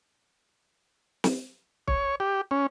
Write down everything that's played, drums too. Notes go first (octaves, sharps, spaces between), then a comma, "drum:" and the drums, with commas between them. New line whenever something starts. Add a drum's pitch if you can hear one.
drum: snare
C#5, drum: kick
G4
C#4